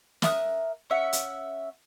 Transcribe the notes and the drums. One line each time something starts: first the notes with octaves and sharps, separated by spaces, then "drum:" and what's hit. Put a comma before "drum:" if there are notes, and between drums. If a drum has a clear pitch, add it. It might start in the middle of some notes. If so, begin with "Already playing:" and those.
A#4 E5 D#6 F#6, drum: snare
C#4 E5 F#5
drum: hi-hat